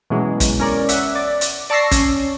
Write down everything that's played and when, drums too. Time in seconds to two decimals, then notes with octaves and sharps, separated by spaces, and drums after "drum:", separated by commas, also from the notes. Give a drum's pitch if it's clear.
0.10 B2 E3 F#3 G#3 C#4
0.40 drum: kick, hi-hat
0.60 C#4 A#4 D5
0.89 E5 F#5, drum: hi-hat
1.15 D5
1.41 drum: hi-hat
1.70 D5 A5 C#6 E6 A#6 C7
1.91 C#4, drum: kick, hi-hat